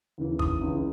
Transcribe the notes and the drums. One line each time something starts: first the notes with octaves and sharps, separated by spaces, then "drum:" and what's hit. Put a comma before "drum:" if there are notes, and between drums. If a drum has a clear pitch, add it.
D#2 C#3 E3
D#6, drum: kick G1
C#2 C#3 E3